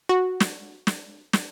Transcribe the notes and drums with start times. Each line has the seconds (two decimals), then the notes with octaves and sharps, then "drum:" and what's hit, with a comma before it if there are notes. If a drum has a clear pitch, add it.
0.09 F#4
0.40 drum: snare
0.87 drum: snare
1.33 drum: snare